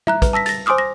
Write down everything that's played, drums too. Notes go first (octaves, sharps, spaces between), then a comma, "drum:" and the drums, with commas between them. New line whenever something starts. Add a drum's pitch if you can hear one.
E5 A#5 F#6, drum: tom G3
B4, drum: kick, hi-hat
A5 E6 A#6 B6
A6 A#6, drum: hi-hat
C5 G#5 C6 D6 D#6 F6
A#6